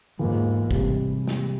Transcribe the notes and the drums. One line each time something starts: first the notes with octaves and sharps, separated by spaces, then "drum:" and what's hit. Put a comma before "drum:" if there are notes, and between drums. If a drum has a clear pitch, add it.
E2 G#2 E3 A#3 F4
C3 G3, drum: kick
drum: snare